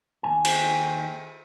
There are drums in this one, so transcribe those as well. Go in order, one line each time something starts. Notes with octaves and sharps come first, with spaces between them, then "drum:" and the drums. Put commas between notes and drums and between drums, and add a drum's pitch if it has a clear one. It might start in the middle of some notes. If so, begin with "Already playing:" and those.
D#2 G#2 G#5
drum: cymbal